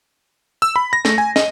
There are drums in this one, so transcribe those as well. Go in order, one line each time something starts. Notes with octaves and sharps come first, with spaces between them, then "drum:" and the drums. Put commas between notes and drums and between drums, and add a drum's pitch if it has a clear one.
E6
B5
A#6
A3, drum: snare
G#5
D#5, drum: snare